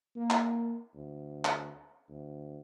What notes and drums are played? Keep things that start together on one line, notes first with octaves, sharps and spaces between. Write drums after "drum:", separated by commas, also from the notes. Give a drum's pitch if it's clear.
A#3
drum: clap
D2
drum: clap
D2